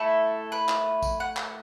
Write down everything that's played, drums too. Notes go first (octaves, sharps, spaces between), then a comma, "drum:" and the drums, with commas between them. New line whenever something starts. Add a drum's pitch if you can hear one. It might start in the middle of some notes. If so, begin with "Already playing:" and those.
Already playing: A3 E4 A4
B4
drum: clap
drum: kick A1, tambourine
F#5
drum: clap